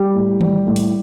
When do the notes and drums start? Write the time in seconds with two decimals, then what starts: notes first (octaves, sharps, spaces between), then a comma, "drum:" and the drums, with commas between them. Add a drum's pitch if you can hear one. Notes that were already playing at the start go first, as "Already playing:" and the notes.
Already playing: G3 G4
0.15 A2
0.41 G3, drum: tom D#3
0.67 A2
0.76 drum: open hi-hat